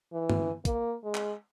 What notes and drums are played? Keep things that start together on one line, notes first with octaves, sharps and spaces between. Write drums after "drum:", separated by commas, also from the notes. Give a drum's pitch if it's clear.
E3
drum: tom
A#3, drum: kick, hi-hat
G#3
drum: clap